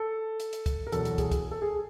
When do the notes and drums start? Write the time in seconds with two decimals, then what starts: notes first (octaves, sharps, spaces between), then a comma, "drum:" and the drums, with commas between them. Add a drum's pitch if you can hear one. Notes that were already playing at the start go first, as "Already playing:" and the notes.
Already playing: A4
0.40 drum: hi-hat
0.53 drum: hi-hat
0.66 drum: kick, hi-hat
0.87 A#4
0.92 E2 B2 F#3 A4, drum: hi-hat
1.05 drum: hi-hat
1.18 G#4, drum: kick, hi-hat
1.32 drum: kick, hi-hat
1.51 A4
1.62 G#4